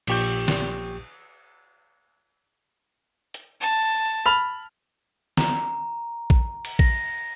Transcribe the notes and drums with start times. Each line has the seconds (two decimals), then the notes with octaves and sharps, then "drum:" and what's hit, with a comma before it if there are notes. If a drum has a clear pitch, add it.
0.07 A#1 A#2 G4 C#6 G6, drum: cymbal
0.48 drum: snare
3.34 drum: hi-hat
3.61 A5
4.26 B5 F6 F7
5.37 A#5, drum: snare
6.30 drum: kick
6.65 drum: cymbal
6.79 A#6, drum: kick